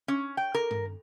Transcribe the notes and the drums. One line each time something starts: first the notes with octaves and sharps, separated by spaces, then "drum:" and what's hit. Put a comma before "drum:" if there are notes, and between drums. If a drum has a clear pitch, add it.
C#4
G5
A#4
drum: tom G2